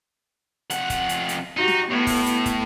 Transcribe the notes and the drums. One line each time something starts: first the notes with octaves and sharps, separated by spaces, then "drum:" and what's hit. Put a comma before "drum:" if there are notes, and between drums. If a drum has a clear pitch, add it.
F2 F#5, drum: hi-hat
drum: kick, hi-hat
drum: hi-hat
drum: hi-hat
D#4 F#4 G4
drum: snare
A2 B3
drum: kick, open hi-hat
drum: hi-hat
drum: kick, hi-hat